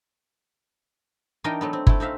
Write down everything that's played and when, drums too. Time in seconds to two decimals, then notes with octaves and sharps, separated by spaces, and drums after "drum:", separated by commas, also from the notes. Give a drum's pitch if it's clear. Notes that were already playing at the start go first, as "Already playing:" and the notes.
1.44 E3 D4 D#4 A#4 D#5 G5
1.61 F#3 A3 B3
1.73 C4
1.87 A3 E4, drum: kick G1
2.00 C4 D#4 E5 F5